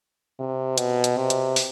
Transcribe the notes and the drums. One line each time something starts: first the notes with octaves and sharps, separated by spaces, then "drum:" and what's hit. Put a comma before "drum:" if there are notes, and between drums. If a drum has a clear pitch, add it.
C3
B2, drum: hi-hat
drum: hi-hat
C3
drum: hi-hat
drum: open hi-hat